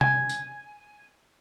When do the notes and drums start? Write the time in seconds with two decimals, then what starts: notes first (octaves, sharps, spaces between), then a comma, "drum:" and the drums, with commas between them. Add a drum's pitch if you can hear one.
0.01 G#5, drum: tom C3
0.29 drum: tambourine